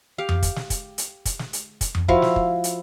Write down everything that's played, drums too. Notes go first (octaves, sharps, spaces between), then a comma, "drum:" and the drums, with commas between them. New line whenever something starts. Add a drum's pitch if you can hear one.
G4 F5
drum: tom F2
drum: kick, hi-hat
drum: snare
drum: kick, hi-hat
drum: hi-hat
drum: kick, hi-hat
drum: snare
drum: hi-hat
drum: kick, hi-hat
drum: tom F2
F3 E4 F#4 F5, drum: kick
drum: snare
drum: kick
drum: hi-hat